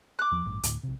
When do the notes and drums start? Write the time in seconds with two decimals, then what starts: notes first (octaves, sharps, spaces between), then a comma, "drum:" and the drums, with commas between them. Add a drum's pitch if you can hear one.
0.19 D6 F#6
0.32 E2 F3
0.46 A1 G2
0.63 D2 A2, drum: hi-hat
0.83 A#1 C3